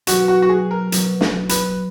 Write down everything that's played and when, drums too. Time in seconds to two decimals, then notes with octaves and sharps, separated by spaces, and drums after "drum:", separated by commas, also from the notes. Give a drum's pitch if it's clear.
0.07 B2 F#3 B3 F#4, drum: hi-hat
0.28 F#4
0.42 F#4
0.49 G#4
0.71 A#4
0.92 B2 F#3 B3, drum: hi-hat
1.21 drum: snare
1.49 B4, drum: hi-hat